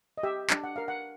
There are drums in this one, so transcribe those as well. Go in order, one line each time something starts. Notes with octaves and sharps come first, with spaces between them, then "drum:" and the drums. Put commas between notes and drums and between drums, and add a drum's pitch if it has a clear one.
D#5
G4 E5
D4, drum: clap
F#5
A#4 F5
F#5